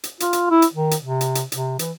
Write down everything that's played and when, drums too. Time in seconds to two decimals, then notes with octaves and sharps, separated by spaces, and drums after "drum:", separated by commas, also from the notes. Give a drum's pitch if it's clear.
0.04 drum: hi-hat
0.20 F4, drum: hi-hat
0.33 drum: hi-hat
0.50 E4
0.62 drum: hi-hat
0.74 D#3
0.91 drum: hi-hat
1.03 C3
1.21 drum: hi-hat
1.35 drum: hi-hat
1.52 C3, drum: hi-hat
1.79 E3, drum: hi-hat